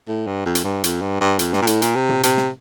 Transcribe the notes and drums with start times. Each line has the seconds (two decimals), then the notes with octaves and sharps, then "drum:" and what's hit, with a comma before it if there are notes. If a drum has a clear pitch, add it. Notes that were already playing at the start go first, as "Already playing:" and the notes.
0.08 A2
0.27 G2
0.46 F2
0.55 drum: hi-hat
0.64 G2
0.84 F2, drum: hi-hat
1.02 G2
1.20 G2
1.39 F2, drum: hi-hat
1.53 G2, drum: snare
1.62 A#2
1.67 A2, drum: hi-hat
1.82 A#2, drum: hi-hat
1.95 C3
2.09 drum: tom A#2
2.23 C3, drum: hi-hat
2.37 drum: snare